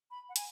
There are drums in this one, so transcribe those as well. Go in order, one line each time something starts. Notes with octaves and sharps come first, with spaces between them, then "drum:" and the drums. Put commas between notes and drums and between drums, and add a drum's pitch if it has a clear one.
B5
F#5
G#5, drum: hi-hat